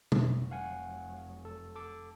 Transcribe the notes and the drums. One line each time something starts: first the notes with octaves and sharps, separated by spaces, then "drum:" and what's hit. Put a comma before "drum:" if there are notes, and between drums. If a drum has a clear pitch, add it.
F1 F#3, drum: tom B2
F5 F#5 G#5
A4
A4 D6